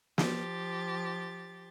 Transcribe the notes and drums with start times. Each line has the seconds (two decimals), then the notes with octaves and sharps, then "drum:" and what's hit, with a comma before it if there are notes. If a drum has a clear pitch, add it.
0.18 F3 G4 A6, drum: snare